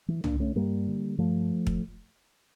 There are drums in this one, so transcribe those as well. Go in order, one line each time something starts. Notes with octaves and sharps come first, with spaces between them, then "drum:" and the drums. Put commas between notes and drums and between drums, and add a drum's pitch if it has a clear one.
E3
D3 A#3 D4, drum: tom C2
A3 C#4
G2 G3 A#3
D3
G2 F3 A3
drum: kick